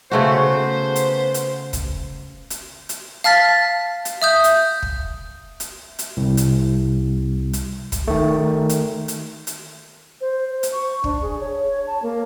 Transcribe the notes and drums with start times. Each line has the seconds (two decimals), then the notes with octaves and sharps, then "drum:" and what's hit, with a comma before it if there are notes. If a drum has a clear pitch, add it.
0.11 C#3 A3 B3 F#4 C5
0.96 drum: hi-hat
1.34 drum: hi-hat
1.73 drum: kick, hi-hat
2.50 drum: hi-hat
2.89 drum: hi-hat
3.24 F5 A5 F6 A6 B6
4.05 drum: hi-hat
4.22 E5 D#6 G6
4.44 drum: hi-hat
4.83 drum: kick
5.60 drum: hi-hat
5.99 drum: hi-hat
6.17 C2
6.37 drum: hi-hat
7.53 drum: hi-hat
7.92 drum: kick, hi-hat
8.08 D#3 A3
8.69 drum: hi-hat
9.08 drum: hi-hat
9.47 drum: hi-hat
10.21 C5
10.51 C5
10.63 drum: hi-hat
10.72 C#6
11.04 D4, drum: kick
11.22 G#4
11.40 C#5
11.87 A5
12.03 A#3